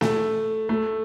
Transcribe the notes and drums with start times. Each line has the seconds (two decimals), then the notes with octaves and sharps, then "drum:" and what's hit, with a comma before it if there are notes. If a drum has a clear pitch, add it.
0.01 A3, drum: snare
0.69 A3